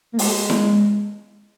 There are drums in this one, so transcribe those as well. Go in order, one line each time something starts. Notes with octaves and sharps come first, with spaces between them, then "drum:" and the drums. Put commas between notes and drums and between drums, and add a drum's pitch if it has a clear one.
A#3
G#3, drum: open hi-hat
drum: snare E4